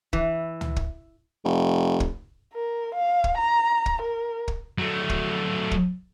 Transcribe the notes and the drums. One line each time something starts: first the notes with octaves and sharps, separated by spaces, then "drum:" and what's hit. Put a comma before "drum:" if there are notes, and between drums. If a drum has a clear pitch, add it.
E3, drum: kick
drum: tom C#2
drum: kick
F1
drum: kick
A#4
F5
drum: kick
A#5
drum: kick
A#4
drum: kick
F#3 A3
drum: kick
drum: kick